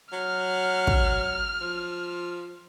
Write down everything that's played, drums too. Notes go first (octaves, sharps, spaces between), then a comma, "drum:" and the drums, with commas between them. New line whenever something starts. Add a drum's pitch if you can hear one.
F#3 F6
drum: kick
F3